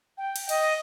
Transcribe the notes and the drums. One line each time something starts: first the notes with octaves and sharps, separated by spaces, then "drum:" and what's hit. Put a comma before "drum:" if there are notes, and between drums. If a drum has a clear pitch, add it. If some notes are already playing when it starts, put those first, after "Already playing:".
G5
drum: cymbal
D#5, drum: cymbal